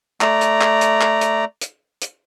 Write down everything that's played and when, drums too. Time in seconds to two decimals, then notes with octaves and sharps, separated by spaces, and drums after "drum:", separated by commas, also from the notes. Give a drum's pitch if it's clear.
0.21 A3 D5 A#5, drum: clap
0.41 drum: hi-hat
0.61 drum: clap
0.81 drum: hi-hat
1.01 drum: clap
1.21 drum: hi-hat
1.62 drum: hi-hat
2.02 drum: hi-hat